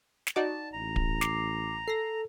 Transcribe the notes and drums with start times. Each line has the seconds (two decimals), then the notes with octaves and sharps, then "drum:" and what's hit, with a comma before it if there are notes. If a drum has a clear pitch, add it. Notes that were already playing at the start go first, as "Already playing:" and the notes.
0.27 drum: snare
0.36 D#4 F#4 D5 A5
0.73 A1 A#5
0.96 drum: kick D1
1.21 D6 C7, drum: snare
1.88 A4 A#6 C7